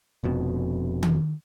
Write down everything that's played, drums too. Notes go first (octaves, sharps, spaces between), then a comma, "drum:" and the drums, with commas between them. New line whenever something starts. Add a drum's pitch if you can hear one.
F1 F2 B2
drum: tom D#3